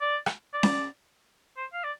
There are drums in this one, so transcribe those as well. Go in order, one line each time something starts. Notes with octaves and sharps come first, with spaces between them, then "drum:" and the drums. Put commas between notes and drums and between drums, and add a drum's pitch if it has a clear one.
D5
drum: rim click
D5
drum: snare C#4
C5
F5
D5